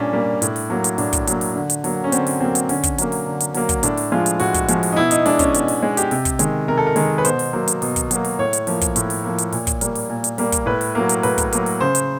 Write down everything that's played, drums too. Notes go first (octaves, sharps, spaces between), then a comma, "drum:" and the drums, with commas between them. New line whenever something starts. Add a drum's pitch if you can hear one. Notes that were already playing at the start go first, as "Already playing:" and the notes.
Already playing: A#2 G3 A#3 C#4 D4
G3 A#3
A2, drum: hi-hat
drum: open hi-hat
F#3 A#3
drum: hi-hat
A2 D4, drum: open hi-hat
drum: kick, hi-hat
F#3 A#3, drum: hi-hat
drum: open hi-hat
D3
drum: hi-hat
F#3 A#3, drum: open hi-hat
C#4
D3 C4, drum: hi-hat
drum: open hi-hat
F#3 A#3 C4
drum: hi-hat
D3 C#4, drum: open hi-hat
drum: kick, hi-hat
F#3 A#3, drum: hi-hat
drum: open hi-hat
D3
drum: hi-hat
F#3 A#3, drum: open hi-hat
drum: kick, hi-hat
A2 D4, drum: hi-hat
drum: open hi-hat
F3 G#3 F4
drum: hi-hat
A2 F#4, drum: open hi-hat
drum: kick, hi-hat
F3 G#3, drum: hi-hat
drum: open hi-hat
D#4
B2 E4
D#4, drum: hi-hat
G#3 D4, drum: open hi-hat
C#4, drum: kick, hi-hat
B2, drum: hi-hat
drum: open hi-hat
G#3
G4, drum: hi-hat
C3, drum: open hi-hat
drum: kick, hi-hat
D#3 G#3, drum: hi-hat
C3 A#4
A4
A#4
D#3 G#3, drum: open hi-hat
B4
B2 C5, drum: hi-hat
drum: open hi-hat
F#3 A#3
drum: hi-hat
B2, drum: open hi-hat
drum: kick, hi-hat
F#3 A#3, drum: hi-hat
drum: open hi-hat
A2 C#5
drum: hi-hat
F3 A#3, drum: open hi-hat
drum: kick, hi-hat
A2, drum: hi-hat
drum: open hi-hat
F3 A#3
drum: hi-hat
A#2, drum: open hi-hat
drum: kick, hi-hat
G3 A#3, drum: hi-hat
drum: open hi-hat
A#2
drum: hi-hat
G3 A#3, drum: open hi-hat
drum: kick, hi-hat
A2 B4
drum: open hi-hat
F#3 A#3
drum: hi-hat
A2 B4, drum: open hi-hat
drum: kick, hi-hat
F#3 A#3, drum: hi-hat
drum: open hi-hat
C#3 C5
drum: hi-hat